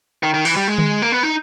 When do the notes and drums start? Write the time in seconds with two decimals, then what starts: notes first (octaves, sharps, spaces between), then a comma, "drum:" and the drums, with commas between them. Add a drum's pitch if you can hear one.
0.23 D#3
0.34 D#3
0.45 E3, drum: open hi-hat
0.57 G3
0.68 G#3
0.78 drum: tom D3
1.02 A#3
1.12 B3
1.23 D#4